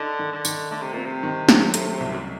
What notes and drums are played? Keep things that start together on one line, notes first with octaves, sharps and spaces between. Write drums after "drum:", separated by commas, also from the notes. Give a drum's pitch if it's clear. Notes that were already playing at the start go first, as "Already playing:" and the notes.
Already playing: D3 D#4
D#3
D3
D#3, drum: tambourine
D3 A3
C3
A#2 C4
C3
D#3
F#3, drum: snare
A3, drum: hi-hat
C2
F#2